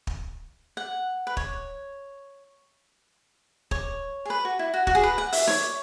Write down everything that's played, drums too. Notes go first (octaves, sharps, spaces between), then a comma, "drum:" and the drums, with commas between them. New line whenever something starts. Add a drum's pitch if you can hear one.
drum: kick
F#5
B4
C#5, drum: kick
C#5, drum: kick
G#4
B4
F#4
E4
F#4
F#4, drum: kick
G#4
B4
F#5
E5, drum: open hi-hat
C#5, drum: snare D#4